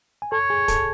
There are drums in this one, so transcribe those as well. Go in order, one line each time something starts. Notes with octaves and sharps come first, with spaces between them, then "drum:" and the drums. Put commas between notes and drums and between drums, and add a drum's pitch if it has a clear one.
G#5
A4 C#5 A5
G#4 G#5
A4 A5, drum: kick, hi-hat